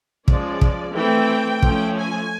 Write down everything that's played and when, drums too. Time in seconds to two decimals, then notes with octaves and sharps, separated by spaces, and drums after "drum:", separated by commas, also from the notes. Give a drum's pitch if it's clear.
0.28 F3 G#3 C#4 D5, drum: kick
0.61 drum: kick
0.95 E3 A3 C4 G5
1.62 F3 A3 C#4, drum: kick
1.97 G#5